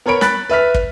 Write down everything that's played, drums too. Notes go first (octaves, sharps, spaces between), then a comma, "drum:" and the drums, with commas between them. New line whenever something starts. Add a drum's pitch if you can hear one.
B3 A#4 C#5 B5 D7
B5 F#6 A6 B6, drum: snare
B4 E5 F6 B6
drum: kick